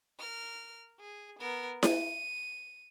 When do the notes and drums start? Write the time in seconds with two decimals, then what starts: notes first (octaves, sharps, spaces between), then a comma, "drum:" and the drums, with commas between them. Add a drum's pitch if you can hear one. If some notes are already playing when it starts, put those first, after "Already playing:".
0.19 A#4 F6
1.00 G#4
1.39 B3 A#4
1.83 D#7, drum: snare E4